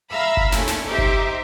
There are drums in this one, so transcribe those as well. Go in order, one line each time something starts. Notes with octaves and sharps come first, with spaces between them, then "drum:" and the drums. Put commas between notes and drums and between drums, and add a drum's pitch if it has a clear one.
E5 F5 A#5 B5 E6
drum: kick G1
D#2 A#2 A3 C#4, drum: snare
drum: snare
D#4 G4 C5 D#5 E5
drum: kick G1